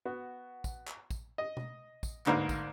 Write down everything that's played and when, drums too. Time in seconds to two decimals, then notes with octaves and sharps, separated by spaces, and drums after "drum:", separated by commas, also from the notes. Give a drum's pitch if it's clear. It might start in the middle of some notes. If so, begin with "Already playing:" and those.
0.05 B3 F#4
0.64 drum: kick, tambourine
0.87 drum: clap
1.11 drum: kick, tambourine
1.38 D#5
1.57 drum: tom B2
2.03 drum: kick, tambourine
2.26 D2 G#2 A#3 B4 F5, drum: clap
2.49 drum: kick, tambourine